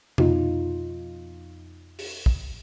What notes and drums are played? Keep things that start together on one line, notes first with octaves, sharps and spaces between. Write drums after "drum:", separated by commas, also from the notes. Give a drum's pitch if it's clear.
F2 B2 D#4 F4, drum: tom C3
drum: open hi-hat
drum: kick